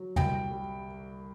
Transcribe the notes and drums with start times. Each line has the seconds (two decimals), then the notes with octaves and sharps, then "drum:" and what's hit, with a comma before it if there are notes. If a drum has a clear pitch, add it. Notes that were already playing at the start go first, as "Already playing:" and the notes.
Already playing: F#3
0.16 C2 G5, drum: tom
0.51 G3